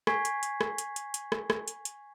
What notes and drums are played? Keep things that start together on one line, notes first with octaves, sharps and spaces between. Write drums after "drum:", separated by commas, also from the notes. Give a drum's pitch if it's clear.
G#5 C#6 G#6 B6 C7, drum: rim click
drum: hi-hat
drum: hi-hat
drum: rim click
drum: hi-hat
drum: hi-hat
drum: hi-hat
drum: rim click
drum: rim click
drum: hi-hat
drum: hi-hat